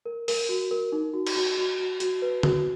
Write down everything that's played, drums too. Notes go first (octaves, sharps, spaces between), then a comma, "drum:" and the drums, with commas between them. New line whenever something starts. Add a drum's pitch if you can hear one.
A#4
A#4, drum: open hi-hat
F#4
A#4
D#4
F#4
drum: cymbal
F#4
F#4
F#4
F#4, drum: hi-hat
B4
F#4, drum: tom